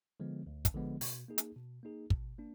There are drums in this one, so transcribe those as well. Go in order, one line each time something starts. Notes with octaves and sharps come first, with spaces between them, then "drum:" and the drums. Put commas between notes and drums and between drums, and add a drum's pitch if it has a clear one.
D3 F3 G#3 B3
D2
drum: kick, hi-hat
D3 F3 G#3 B3
B2, drum: open hi-hat
A#3 D#4 G#4
drum: hi-hat
B2
A#3 D#4 G#4
B2, drum: kick
A#3 D4